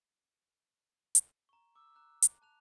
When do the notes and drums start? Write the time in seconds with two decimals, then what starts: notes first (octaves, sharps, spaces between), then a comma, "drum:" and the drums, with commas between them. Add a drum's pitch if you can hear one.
1.15 drum: hi-hat
1.49 A#5 C#6
1.76 D6 E6
1.96 A#5 D6 F#6
2.23 drum: hi-hat
2.42 A5 F#6 F7